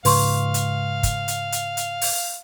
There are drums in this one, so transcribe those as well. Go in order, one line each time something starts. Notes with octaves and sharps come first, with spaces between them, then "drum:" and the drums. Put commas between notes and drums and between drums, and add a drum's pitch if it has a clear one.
G#2 C#3 G#3 B4 F5 C6 C#6, drum: open hi-hat
drum: hi-hat
drum: kick, hi-hat
drum: hi-hat
drum: hi-hat
drum: hi-hat
drum: open hi-hat